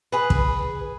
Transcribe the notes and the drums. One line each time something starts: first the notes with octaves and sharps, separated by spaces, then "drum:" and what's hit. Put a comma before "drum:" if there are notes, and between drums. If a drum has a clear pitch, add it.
G#4 B4
drum: kick